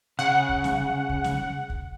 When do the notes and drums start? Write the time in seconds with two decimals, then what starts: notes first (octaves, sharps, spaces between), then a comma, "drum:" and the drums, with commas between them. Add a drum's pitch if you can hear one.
0.19 C#3 F#5
0.49 drum: kick
0.64 drum: snare
1.09 drum: kick
1.24 drum: snare
1.70 drum: kick